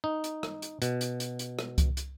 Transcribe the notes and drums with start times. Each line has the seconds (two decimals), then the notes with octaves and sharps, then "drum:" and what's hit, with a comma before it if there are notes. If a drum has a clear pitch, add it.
0.04 D#4
0.24 drum: hi-hat
0.43 drum: rim click
0.62 drum: hi-hat
0.82 B2, drum: hi-hat
1.01 drum: hi-hat
1.20 drum: hi-hat
1.39 drum: hi-hat
1.59 drum: rim click
1.78 drum: kick C2, hi-hat
1.97 drum: hi-hat